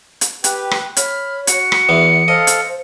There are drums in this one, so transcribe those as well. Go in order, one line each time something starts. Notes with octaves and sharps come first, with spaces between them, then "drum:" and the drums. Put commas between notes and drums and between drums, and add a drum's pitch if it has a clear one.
drum: hi-hat
G4 B4 G5, drum: hi-hat
drum: rim click
C#5 B5 F6, drum: hi-hat
F#4 C#7, drum: hi-hat
drum: rim click
E2 B3 E5
A4 C5 D#5 F5
drum: hi-hat